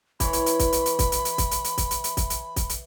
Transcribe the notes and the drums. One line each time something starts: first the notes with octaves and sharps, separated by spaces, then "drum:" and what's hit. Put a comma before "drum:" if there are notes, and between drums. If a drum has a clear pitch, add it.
E3 C#5 B5, drum: kick, hi-hat
drum: hi-hat
drum: hi-hat
drum: kick, hi-hat
drum: hi-hat
drum: hi-hat
drum: kick, hi-hat
drum: hi-hat
drum: hi-hat
drum: kick, hi-hat
drum: hi-hat
drum: hi-hat
drum: kick, hi-hat
drum: hi-hat
drum: hi-hat
drum: kick, hi-hat
drum: hi-hat
drum: kick, hi-hat
drum: hi-hat